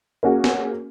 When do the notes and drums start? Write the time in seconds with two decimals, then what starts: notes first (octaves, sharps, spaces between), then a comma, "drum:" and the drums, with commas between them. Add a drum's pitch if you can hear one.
0.23 A#3 C#4 F#4 G#4
0.44 drum: snare